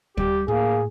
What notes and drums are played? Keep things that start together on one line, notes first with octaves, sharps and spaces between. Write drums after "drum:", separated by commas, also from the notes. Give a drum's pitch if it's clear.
G3 G4, drum: kick D2
A2 A#3 G#4